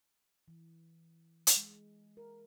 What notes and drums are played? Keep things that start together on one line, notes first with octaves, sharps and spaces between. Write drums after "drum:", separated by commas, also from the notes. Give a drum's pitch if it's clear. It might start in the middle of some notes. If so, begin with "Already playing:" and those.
E3
drum: hi-hat
G#3
A#4